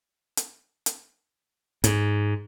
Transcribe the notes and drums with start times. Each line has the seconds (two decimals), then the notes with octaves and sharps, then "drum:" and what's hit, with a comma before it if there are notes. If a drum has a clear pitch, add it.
0.37 drum: hi-hat
0.86 drum: hi-hat
1.84 G#2, drum: hi-hat